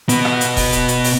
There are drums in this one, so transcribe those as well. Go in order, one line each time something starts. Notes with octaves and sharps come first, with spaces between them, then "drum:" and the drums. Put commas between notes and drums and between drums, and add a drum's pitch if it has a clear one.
B2 B3, drum: hi-hat
drum: rim click
drum: hi-hat
drum: kick D#1, open hi-hat
drum: hi-hat
drum: hi-hat
drum: open hi-hat